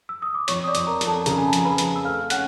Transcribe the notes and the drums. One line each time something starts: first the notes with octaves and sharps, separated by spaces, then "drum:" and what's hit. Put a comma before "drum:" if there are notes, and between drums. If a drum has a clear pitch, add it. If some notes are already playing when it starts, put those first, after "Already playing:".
E6
D#6
D6
F2 C#5 C#6, drum: hi-hat
D#6
D5 D6
F2, drum: hi-hat
A#4 A#5
F2, drum: hi-hat
A4 A5
C#3 A#4 A#5, drum: hi-hat
G#5
A5
F2 A#5, drum: hi-hat
B4 B5
F2, drum: hi-hat
E6
A3 F5 F6
C#4 F#5 F#6, drum: hi-hat